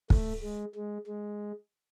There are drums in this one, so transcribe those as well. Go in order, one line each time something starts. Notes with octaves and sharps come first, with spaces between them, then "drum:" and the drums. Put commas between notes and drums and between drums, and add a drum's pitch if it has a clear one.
A3, drum: kick
G#3
G#3
G#3